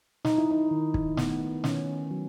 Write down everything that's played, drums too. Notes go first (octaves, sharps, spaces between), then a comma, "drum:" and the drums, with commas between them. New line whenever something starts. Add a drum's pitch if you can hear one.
F#3 D#4, drum: snare
E4
D#4
D#3
drum: kick
A3 B3, drum: snare
D#3 C#4, drum: snare
F#3